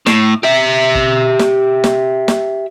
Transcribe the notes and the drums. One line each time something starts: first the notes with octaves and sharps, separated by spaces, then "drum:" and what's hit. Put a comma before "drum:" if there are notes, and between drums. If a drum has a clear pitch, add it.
A2, drum: snare
G4 E5
drum: kick
drum: snare
drum: snare
drum: snare